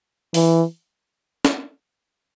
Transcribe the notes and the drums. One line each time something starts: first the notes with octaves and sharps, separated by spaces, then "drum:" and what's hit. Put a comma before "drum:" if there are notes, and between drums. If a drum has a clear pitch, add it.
E3, drum: open hi-hat
drum: snare